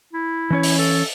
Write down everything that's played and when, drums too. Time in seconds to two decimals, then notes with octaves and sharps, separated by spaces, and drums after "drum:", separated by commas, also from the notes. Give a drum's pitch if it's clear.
0.13 E4
0.51 E3 C#4 C#5
0.63 drum: open hi-hat
0.79 A4